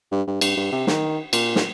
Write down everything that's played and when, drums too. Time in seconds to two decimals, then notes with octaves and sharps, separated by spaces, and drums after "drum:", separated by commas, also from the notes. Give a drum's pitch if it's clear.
0.12 G2
0.27 G2
0.41 G2, drum: cymbal
0.57 G2
0.72 C3
0.87 D#3, drum: snare
1.33 A#2, drum: cymbal
1.56 drum: snare